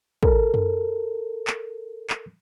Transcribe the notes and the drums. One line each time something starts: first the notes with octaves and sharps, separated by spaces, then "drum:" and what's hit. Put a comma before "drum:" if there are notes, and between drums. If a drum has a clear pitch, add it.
A4 A#4, drum: kick
drum: tom F#2
drum: clap
drum: clap